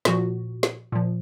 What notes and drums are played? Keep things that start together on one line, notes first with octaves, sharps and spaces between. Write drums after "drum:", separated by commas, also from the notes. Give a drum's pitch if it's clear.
A#2 F3 F#4, drum: snare
drum: snare
A#2 F3